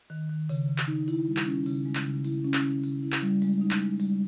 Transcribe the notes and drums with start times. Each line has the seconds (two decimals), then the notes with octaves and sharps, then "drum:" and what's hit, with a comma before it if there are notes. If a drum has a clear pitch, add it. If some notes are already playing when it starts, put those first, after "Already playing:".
0.10 D#3
0.30 D#3
0.49 C#3, drum: open hi-hat
0.69 C#3
0.78 drum: clap
0.88 D#4
1.08 E4, drum: open hi-hat
1.27 G3
1.37 drum: clap
1.46 C#4
1.66 C#3, drum: open hi-hat
1.85 G#3
1.95 drum: clap
2.05 C#3
2.24 E4, drum: open hi-hat
2.44 C#4
2.54 drum: clap
2.63 C#3
2.84 C#3, drum: open hi-hat
3.03 E4
3.12 drum: clap
3.22 G3
3.42 G#3, drum: open hi-hat
3.61 D#4
3.71 drum: clap
3.80 G#3
4.00 G3, drum: open hi-hat